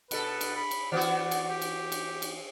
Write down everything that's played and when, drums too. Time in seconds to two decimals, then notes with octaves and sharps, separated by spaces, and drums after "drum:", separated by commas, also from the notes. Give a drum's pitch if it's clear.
0.11 B2 A4 B4, drum: cymbal
0.41 drum: cymbal
0.56 B5
0.71 drum: cymbal
0.92 E3 B3 F#4 D5
1.01 drum: cymbal
1.31 drum: cymbal
1.49 G4
1.62 drum: cymbal
1.92 drum: cymbal
2.22 drum: cymbal